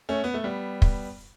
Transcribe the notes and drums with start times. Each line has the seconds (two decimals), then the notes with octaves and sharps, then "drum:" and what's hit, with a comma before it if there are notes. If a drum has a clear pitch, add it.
0.09 A3 C#4
0.24 B3
0.34 A3
0.44 G3 B3
0.82 drum: kick